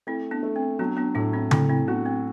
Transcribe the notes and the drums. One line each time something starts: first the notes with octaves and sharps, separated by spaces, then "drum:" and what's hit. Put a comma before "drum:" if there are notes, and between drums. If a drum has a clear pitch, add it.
A3 C4 E4
B3 D4
A3
C4
F#3 B3 D4
B3 D4
A2 D4 F#4
C4 E4
A3 C4 E4, drum: tom C#3
C4 E4
B3 D4 F#4
C4